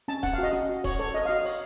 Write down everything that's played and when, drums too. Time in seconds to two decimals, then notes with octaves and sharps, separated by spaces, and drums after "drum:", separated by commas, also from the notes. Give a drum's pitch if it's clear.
0.08 C#4 A5
0.23 C#4 F#5, drum: kick D#1, hi-hat
0.34 F5
0.38 F#4 D#5
0.53 C#4, drum: hi-hat
0.69 F#4
0.84 C#5, drum: kick D#1, open hi-hat
0.99 A4 C#5
1.14 C#5 D#5
1.25 F5
1.29 F#4 D#5
1.45 C#5, drum: open hi-hat